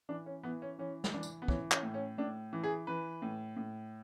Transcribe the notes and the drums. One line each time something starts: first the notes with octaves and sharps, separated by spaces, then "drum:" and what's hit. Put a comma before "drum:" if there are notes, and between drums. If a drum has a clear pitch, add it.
E3 D4
C#4
E3 B3
C#4
E3 C#4
drum: snare
E3 D4
drum: tambourine
B3
E3 C#4, drum: kick
C#4, drum: clap
A2
C#4
A2 D4
E3
G#4
E3 B4
A2
A2